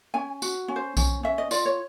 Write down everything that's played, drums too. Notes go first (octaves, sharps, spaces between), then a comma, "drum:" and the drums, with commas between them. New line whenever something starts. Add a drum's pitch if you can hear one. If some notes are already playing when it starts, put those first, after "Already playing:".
C#4 G#5
F#4, drum: tambourine
C#4
C5
C#4, drum: kick B1, tambourine
C#4 E5
D#5
F4 D5, drum: tambourine
C#5